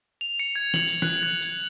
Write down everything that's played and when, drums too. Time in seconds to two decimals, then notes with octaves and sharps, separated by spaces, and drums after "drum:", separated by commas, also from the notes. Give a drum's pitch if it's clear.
0.21 F7
0.40 C#7
0.56 G#6
0.74 F#7, drum: snare
0.87 drum: tambourine
1.02 F#6, drum: snare
1.23 G#6
1.42 drum: tambourine